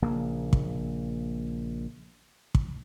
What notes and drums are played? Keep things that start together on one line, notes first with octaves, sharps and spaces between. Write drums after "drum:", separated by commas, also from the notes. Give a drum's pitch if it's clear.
A#1 C#3 A#3
drum: kick
drum: kick